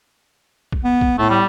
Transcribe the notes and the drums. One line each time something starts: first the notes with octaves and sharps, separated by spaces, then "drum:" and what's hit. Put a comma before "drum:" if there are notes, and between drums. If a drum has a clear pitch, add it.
drum: kick
B3
drum: kick
A2 A3
G3